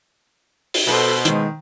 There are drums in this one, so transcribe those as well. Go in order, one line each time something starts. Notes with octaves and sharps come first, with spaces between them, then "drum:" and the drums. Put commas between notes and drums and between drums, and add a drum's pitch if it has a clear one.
drum: open hi-hat
B2 A4 C5
D#3 G#3, drum: hi-hat